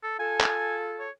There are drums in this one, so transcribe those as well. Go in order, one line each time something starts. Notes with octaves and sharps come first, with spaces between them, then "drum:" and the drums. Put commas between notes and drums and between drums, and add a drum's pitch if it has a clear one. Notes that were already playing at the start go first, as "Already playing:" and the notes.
A4
F4 G#4 A4 G#5
drum: clap
C#5